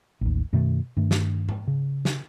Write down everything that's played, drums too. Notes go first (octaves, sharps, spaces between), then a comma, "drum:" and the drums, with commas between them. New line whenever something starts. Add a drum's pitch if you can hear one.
A1 D#2
F#2 B2 D#3 A3
G2 D#3 A3
drum: snare
drum: tom G#2
C#3
drum: snare